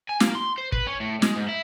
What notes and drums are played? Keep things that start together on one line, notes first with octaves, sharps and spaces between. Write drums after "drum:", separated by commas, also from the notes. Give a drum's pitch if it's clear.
G#5
A#3, drum: snare
C6
C5
B4, drum: kick
C#4
A2
G#3, drum: snare
G#2
E4